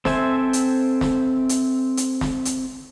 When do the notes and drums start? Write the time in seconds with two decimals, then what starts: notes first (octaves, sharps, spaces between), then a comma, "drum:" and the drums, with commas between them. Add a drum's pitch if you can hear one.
0.05 C4 A4 C5 E5 G#5, drum: snare
0.53 drum: hi-hat
1.01 drum: snare
1.49 drum: hi-hat
1.97 drum: hi-hat
2.21 drum: snare
2.45 drum: hi-hat